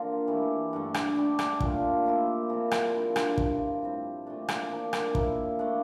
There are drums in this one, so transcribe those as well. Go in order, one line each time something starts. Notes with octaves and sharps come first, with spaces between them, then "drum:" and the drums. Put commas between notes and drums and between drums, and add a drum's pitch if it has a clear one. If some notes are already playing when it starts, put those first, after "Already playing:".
Already playing: D3 F3 A#3 C4 F4
E3 A3 E4 G4
G2 D3 A3
drum: rim click
D3 G3 D4 G4
drum: rim click
A#2 A3 D4 F4, drum: kick
F3 A#3 E4 G4
A#2 F3 C4 E4
drum: rim click
D3 G3 D4 F4
drum: rim click
G2 F3 C4, drum: kick
A2 G3 C4
A#2 A3 D4
drum: rim click
F3 A#3 D4
drum: rim click
F3 A#3 E4, drum: kick
F3 A3 D4